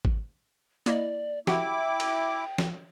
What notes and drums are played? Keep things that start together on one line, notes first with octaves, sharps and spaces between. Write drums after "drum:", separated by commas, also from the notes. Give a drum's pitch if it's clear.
drum: kick G#1
A#3 E4 D5 D#5, drum: hi-hat
E4 F#4 G4 F#5 G5 D6, drum: snare
drum: cymbal
drum: snare